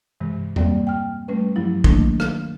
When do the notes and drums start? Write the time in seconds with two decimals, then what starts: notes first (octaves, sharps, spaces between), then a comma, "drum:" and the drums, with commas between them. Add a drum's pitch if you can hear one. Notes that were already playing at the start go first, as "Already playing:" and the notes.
0.21 G2 C3 E3 G#3
0.56 G2 G3 A#3 C4 D5, drum: tom E2
0.87 G5 F6
1.28 G3 A3 C#4 B4
1.56 G2 F3 F#3 E4
1.84 D#3 F#3 A3 A#3 D4, drum: kick
2.20 drum: rim click